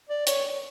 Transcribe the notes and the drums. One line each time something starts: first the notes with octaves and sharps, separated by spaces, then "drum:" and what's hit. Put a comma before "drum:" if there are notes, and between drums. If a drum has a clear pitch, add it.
D5
C#5, drum: hi-hat